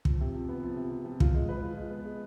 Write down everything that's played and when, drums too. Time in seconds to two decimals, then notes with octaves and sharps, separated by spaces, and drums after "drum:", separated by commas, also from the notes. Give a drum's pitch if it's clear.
0.05 F3, drum: kick
0.21 C3
0.34 F3
0.49 B3
0.63 F3
0.76 C3
0.91 C3
1.05 F3
1.20 F4, drum: kick
1.35 G#3
1.49 B4
1.63 F4
1.77 G#3
1.91 B3
2.05 G#3